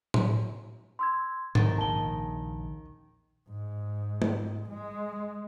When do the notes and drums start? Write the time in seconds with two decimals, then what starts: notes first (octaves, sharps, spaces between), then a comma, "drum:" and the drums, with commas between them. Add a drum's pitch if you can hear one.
0.14 drum: tom A2
0.99 C6 E6 G#6
1.55 G#2 C3 D#3 A6, drum: tom G#2
1.78 A#1 D#2 C#3 A5 G7
3.49 G#2
4.22 drum: tom G#3
4.69 G#3